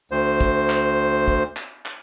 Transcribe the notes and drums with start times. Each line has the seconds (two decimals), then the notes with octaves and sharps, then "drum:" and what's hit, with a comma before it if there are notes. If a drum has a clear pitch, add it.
0.11 D2 C5
0.41 drum: kick
0.70 drum: clap
1.28 drum: kick
1.57 drum: clap
1.86 drum: clap